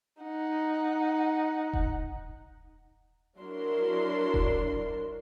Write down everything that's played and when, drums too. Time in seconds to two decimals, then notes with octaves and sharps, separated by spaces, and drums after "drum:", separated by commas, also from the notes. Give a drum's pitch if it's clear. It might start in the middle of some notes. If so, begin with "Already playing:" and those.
0.21 D#4 F#5
1.73 drum: kick D#1
3.40 F#3 D4 E4 A#4 C6
4.34 drum: kick D#1